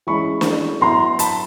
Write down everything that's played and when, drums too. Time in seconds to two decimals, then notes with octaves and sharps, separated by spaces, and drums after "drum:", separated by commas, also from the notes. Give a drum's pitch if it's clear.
0.07 E3 G#3 C#4 B5 C#6
0.41 drum: snare
0.81 F#3 B3 E4 A#5 C6
1.19 A5 B5, drum: hi-hat